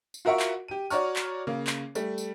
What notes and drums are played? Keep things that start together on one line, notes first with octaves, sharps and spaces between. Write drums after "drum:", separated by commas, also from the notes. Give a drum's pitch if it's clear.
drum: tambourine
F4 F#4 A#4 E5 F#5 C#6
drum: clap
G4 D#7
F#4 C#5 D5 A#5 C#6 F6, drum: tambourine
drum: clap
C#3 A#3
drum: clap
G3 A3, drum: tambourine
drum: tambourine